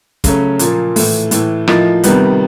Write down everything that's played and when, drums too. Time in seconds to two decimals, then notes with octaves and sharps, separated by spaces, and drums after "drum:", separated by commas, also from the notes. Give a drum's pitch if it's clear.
0.24 C#3 F#3 A3 C#4, drum: kick, hi-hat
0.59 A#2 F3 A#3, drum: hi-hat
0.96 A2 E3 A3, drum: open hi-hat
1.31 A2 E3 A3, drum: hi-hat
1.68 A2 F3 A#3 D#4, drum: rim click
2.04 C3 D#3 G3 B3, drum: hi-hat